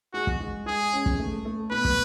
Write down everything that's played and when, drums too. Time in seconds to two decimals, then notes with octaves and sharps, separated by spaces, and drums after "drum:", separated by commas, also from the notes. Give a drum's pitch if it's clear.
0.14 G#3 F#4
0.27 drum: kick
0.40 G#3
0.66 G#3 G#4
0.93 C#4
1.06 drum: kick
1.19 A3
1.45 A3
1.71 B2 B4
1.85 drum: kick